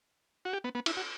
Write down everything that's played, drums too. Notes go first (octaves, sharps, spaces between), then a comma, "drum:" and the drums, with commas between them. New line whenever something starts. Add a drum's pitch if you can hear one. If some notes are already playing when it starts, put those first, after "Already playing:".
F#4
G4
B3
B3
E4, drum: cymbal
F#4